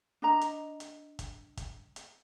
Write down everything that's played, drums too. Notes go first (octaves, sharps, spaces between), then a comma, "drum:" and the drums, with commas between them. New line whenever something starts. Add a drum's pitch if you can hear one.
D4 D#5 A#5
drum: hi-hat
drum: hi-hat
drum: kick, hi-hat
drum: kick, hi-hat
drum: hi-hat